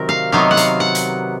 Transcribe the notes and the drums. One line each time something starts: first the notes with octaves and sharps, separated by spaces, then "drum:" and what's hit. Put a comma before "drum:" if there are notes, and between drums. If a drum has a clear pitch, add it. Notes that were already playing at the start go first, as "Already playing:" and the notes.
Already playing: C3 D#3 F#3 A#4
F5
C3 D#3 F#3 B3 F5
F#5
F5, drum: hi-hat
F#5
drum: hi-hat